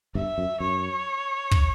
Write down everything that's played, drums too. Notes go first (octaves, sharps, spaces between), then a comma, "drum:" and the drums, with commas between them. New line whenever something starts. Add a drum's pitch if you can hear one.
G1 G2 E5
F#2
F#2 C#5
drum: kick